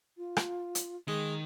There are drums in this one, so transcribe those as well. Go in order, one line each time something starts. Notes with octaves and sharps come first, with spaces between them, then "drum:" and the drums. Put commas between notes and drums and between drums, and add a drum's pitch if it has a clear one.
F4
drum: rim click
drum: hi-hat
D#3 G#3